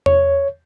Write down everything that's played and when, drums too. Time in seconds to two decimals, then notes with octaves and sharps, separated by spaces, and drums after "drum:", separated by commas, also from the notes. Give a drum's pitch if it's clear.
0.06 C#5, drum: tom E2